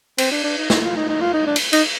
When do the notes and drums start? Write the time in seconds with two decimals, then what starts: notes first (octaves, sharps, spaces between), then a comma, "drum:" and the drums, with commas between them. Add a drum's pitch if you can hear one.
0.18 C4, drum: cymbal
0.31 D4
0.44 D4
0.58 D#4
0.70 D#4, drum: snare
0.84 F4
0.96 D#4
1.09 D#4
1.21 F4
1.34 D#4
1.47 D4
1.56 drum: cymbal
1.73 D#4, drum: cymbal